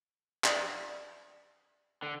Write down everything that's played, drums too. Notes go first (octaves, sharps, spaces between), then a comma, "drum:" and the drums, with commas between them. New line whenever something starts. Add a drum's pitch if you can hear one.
D5, drum: clap
D3